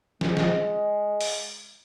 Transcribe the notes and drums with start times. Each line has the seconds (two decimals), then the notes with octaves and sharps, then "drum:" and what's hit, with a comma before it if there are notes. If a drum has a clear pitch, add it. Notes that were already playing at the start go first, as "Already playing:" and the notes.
0.21 G#3, drum: snare
0.37 drum: snare
1.21 drum: open hi-hat